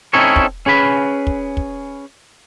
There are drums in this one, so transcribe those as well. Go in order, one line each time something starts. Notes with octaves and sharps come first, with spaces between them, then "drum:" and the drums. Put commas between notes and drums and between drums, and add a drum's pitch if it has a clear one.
C4 C#4 D#4 E4 A4 C#5
drum: kick
C#4 G#4 B4 B5
drum: kick
drum: kick